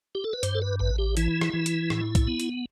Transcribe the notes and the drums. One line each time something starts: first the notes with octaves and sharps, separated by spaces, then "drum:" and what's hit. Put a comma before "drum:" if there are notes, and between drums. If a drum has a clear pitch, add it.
G4
A4
B4
G2 C5, drum: hi-hat
A4
B4
A1 B4
G4
E3 E4, drum: hi-hat
drum: rim click
E3
drum: hi-hat
A2, drum: rim click
drum: kick B1, hi-hat
B3
drum: hi-hat